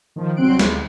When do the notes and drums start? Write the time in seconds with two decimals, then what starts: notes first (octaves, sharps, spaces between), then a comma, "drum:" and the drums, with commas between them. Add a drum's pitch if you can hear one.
0.16 D#3 F3
0.36 C2 F#3 C4 C6 F#6 D7
0.59 D2, drum: snare